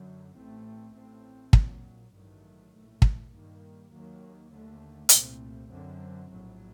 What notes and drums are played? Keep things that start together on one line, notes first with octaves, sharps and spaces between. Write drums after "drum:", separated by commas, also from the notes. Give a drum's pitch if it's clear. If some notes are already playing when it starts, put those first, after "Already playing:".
Already playing: F#2 D3 F#3
A1 A2 A3 C4
A1 A2 A3 C4
A#1 A#2 F#3, drum: kick
A1 G2 D#3 F#3 A3
A#1 A2 A3
drum: kick
G2 D#3 G3 A#3
D#2 D#3 F#3 A#3
D#2 D3 A3
C2 A#2 A3 C4, drum: hi-hat
F#2 D3 F#3 C4
A#1 A2 F#3